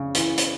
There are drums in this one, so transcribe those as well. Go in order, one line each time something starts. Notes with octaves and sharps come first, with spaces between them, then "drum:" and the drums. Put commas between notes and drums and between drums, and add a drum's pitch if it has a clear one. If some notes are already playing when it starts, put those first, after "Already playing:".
Already playing: C#3
E3, drum: hi-hat
drum: hi-hat